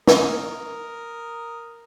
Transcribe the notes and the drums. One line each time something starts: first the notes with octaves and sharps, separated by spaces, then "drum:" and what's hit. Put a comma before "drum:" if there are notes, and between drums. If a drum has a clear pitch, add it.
A#4 D#6, drum: snare